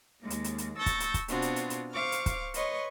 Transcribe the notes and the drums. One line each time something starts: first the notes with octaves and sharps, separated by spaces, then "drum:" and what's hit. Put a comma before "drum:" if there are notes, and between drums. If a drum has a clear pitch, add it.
D#2 G#3 A#3
drum: hi-hat
drum: hi-hat
drum: hi-hat
A5 C#6 E6 G6 A6 A#6
drum: kick, hi-hat
drum: hi-hat
drum: kick, hi-hat
B2 B3 C4 D4 F4 F#4, drum: hi-hat
drum: hi-hat
drum: hi-hat
drum: hi-hat
C5 F5 C#6 D6 F6
drum: hi-hat
drum: kick, hi-hat
B4 C#5 D#5 C6 C#6, drum: hi-hat